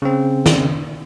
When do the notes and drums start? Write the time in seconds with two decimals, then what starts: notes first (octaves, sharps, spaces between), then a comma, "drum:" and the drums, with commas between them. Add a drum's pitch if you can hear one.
0.02 C#3 C4
0.46 drum: snare